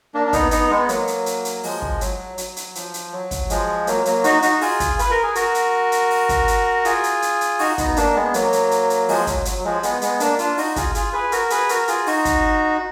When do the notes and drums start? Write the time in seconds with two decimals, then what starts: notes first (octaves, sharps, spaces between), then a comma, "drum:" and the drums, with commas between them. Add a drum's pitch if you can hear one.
0.14 A#3 D4
0.27 D4
0.33 B3 D#4, drum: kick, hi-hat
0.51 B3 D#4, drum: hi-hat
0.70 G#3 B3
0.89 F#3 A#3, drum: hi-hat
1.07 drum: hi-hat
1.26 drum: hi-hat
1.45 drum: hi-hat
1.63 F3 G#3, drum: open hi-hat
1.82 drum: kick
2.01 F#3, drum: hi-hat
2.38 F#3, drum: hi-hat
2.56 drum: hi-hat
2.75 F3, drum: hi-hat
2.94 drum: hi-hat
3.13 F#3
3.31 drum: kick, hi-hat
3.50 F3 G#3, drum: hi-hat
3.87 F#3 A#3, drum: hi-hat
4.05 F#3 A#3, drum: hi-hat
4.24 D#4 F#4, drum: hi-hat
4.42 D#4 F#4, drum: hi-hat
4.61 F4 G#4, drum: open hi-hat
4.80 drum: kick, hi-hat
4.99 B4, drum: hi-hat
5.11 A#4
5.23 G#4
5.35 F#4 A#4, drum: hi-hat
5.55 drum: hi-hat
5.92 drum: hi-hat
6.10 drum: open hi-hat
6.29 drum: kick, hi-hat
6.48 drum: hi-hat
6.85 F4 G#4, drum: hi-hat
7.04 drum: hi-hat
7.22 drum: hi-hat
7.41 drum: hi-hat
7.59 D#4 F#4, drum: open hi-hat
7.78 B3 D#4, drum: kick, hi-hat
7.96 A#3 D4, drum: hi-hat
8.15 G#3 B3
8.34 F#3 A#3, drum: hi-hat
8.53 drum: hi-hat
8.71 drum: hi-hat
8.90 drum: hi-hat
9.09 F3 G#3, drum: open hi-hat
9.27 F#3, drum: kick, hi-hat
9.45 F#3, drum: hi-hat
9.59 F#3
9.65 F3 G#3
9.83 G#3 B3, drum: hi-hat
10.01 G#3 B3, drum: hi-hat
10.20 A#3 D4, drum: hi-hat
10.39 D4 F4, drum: hi-hat
10.58 D#4 F#4, drum: open hi-hat
10.76 F4 G#4, drum: kick, hi-hat
10.95 F4 G#4, drum: hi-hat
11.13 G#4 B4
11.32 F#4 A#4, drum: hi-hat
11.50 G#4 B4, drum: hi-hat
11.69 F#4 A#4, drum: hi-hat
11.88 F4 G#4, drum: hi-hat
12.06 D#4 F#4, drum: open hi-hat
12.25 drum: kick, hi-hat